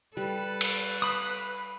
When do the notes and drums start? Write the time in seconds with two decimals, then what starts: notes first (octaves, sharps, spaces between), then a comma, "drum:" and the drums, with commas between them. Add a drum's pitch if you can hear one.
0.17 G3 A4 B4
0.61 drum: cymbal
1.02 B5 D#6